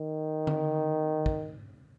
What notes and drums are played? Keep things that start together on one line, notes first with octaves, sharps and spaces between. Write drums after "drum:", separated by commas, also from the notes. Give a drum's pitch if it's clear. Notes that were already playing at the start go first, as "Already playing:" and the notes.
Already playing: D#3
drum: tom D3
drum: kick